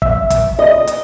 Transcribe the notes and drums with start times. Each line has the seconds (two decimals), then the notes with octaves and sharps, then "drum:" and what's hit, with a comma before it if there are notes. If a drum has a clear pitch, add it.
0.02 E5, drum: kick
0.30 drum: kick, hi-hat
0.59 D#5
0.87 drum: hi-hat